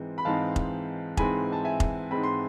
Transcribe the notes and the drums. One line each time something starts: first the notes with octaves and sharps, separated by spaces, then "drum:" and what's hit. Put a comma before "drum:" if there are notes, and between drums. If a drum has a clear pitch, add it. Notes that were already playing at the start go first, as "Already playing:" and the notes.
Already playing: G#2 E3 G#3 C4
B5
G#2 E3 G#3 C4 F5 A5
drum: kick F1
G#2 E3 G#3 C4 G#5 B5, drum: kick F1
A5
E5 G#5
drum: kick F1
G#2 E3 G#3 C4 B5
C6